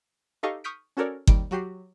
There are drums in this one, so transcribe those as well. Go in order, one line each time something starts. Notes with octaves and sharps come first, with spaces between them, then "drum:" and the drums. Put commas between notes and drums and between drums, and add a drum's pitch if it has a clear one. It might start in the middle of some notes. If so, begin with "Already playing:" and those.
D#4 G4 A4 D#5 F5 C#6
C#6 D#6 F6 G6 B6 D7
C#4 F#4 A4 A#4 C#5 D5
D#2 D#3 G3 D7, drum: kick G1
F#3 F#4 G4 C7